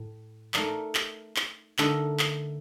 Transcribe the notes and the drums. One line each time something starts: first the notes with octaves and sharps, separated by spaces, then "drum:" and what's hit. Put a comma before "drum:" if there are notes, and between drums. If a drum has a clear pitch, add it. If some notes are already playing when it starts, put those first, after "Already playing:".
Already playing: A2
A3 D#4 A#4 D5, drum: clap
drum: clap
drum: clap
D3 A3 D#4 A#4 D#5, drum: clap
drum: clap